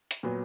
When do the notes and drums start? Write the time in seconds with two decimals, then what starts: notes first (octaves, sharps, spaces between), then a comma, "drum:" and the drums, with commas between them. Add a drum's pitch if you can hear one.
0.11 drum: hi-hat
0.23 A#2 F#3 B3